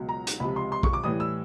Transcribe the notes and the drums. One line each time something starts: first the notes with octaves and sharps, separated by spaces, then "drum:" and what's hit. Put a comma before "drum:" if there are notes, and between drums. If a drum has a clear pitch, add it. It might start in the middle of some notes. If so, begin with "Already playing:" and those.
Already playing: C#2 B2 F#3
A#5
drum: hi-hat
C#2 C3 F3 B5
C6
C6
C#6, drum: kick
D6
A2 E3 G3 D#6
E6